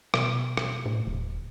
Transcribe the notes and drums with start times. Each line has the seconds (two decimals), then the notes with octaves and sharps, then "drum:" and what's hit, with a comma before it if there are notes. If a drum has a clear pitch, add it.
0.14 B2, drum: rim click
0.57 drum: rim click
0.86 A2
1.07 D#1